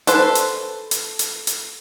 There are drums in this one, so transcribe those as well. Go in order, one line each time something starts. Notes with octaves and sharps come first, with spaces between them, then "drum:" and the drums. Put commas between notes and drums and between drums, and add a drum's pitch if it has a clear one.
A4 B4 C5, drum: hi-hat
drum: hi-hat
drum: hi-hat
drum: hi-hat
drum: hi-hat